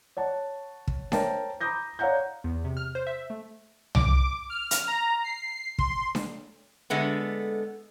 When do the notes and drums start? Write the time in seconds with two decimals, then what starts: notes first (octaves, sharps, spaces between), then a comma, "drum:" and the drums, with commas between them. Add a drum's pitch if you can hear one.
0.17 C#5 F#5 A5
0.88 drum: kick
1.12 A#4 C5 C#5 E5 G5 A5, drum: snare D4
1.61 A#5 B5 D6 D#6 G6 A#6
1.99 C#5 D5 F5 F#5 A#5 G6
2.44 E2
2.64 C3
2.77 F6
2.95 C5
3.07 E5
3.30 A3
3.95 D6, drum: tom C2
4.50 F6
4.71 drum: hi-hat
4.87 A#5
5.24 C7
5.78 C6, drum: kick
6.15 drum: snare D4
6.90 D3 G#3 A3 B3